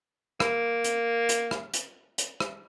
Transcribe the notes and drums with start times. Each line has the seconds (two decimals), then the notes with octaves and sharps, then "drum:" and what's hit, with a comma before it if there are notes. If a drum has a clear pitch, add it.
0.40 A#3, drum: rim click
0.84 drum: hi-hat
1.29 drum: hi-hat
1.51 drum: rim click
1.74 drum: hi-hat
2.18 drum: hi-hat
2.40 drum: rim click